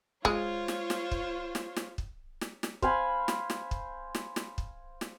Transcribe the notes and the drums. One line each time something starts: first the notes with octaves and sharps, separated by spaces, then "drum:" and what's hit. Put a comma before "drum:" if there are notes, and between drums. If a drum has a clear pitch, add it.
G#3 F4 C5 C#5, drum: kick
drum: snare
drum: snare
drum: kick
drum: snare
drum: snare
drum: kick
drum: snare
drum: snare
C5 F5 G#5 B5, drum: kick
drum: snare
drum: snare
drum: kick
drum: snare
drum: snare
drum: kick
drum: snare